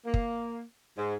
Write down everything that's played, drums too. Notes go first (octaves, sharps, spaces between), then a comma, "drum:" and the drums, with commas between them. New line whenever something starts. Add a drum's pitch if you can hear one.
A#3
drum: kick
G#2